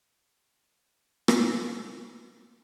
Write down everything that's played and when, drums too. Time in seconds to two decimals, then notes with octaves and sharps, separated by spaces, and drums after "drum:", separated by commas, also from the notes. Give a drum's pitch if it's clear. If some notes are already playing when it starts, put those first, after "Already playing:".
0.20 C#5 E5
1.28 drum: rim click